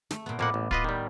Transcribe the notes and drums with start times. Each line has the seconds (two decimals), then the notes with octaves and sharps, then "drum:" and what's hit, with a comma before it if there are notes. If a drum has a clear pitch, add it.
0.11 A3, drum: snare
0.26 A#2 B3
0.39 F2 A2 A#3 F#5 B5 D6
0.54 A1
0.71 F4 B4 D#5, drum: kick
0.84 D#3 G3